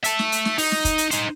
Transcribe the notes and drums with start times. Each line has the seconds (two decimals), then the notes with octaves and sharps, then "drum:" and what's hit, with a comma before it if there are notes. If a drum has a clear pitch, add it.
0.04 E5 A5, drum: hi-hat
0.19 drum: snare
0.32 drum: hi-hat
0.45 drum: snare
0.58 D#4, drum: open hi-hat
0.72 drum: snare
0.85 drum: kick, hi-hat
0.98 drum: hi-hat
1.11 D#4 C5, drum: hi-hat